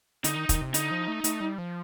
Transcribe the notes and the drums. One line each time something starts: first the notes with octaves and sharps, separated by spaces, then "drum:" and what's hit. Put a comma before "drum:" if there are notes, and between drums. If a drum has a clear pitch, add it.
D3 D#4, drum: hi-hat
D#3
D#3, drum: kick, hi-hat
C3
D3 D#4, drum: hi-hat
F3
A3
A3, drum: hi-hat
G3
F3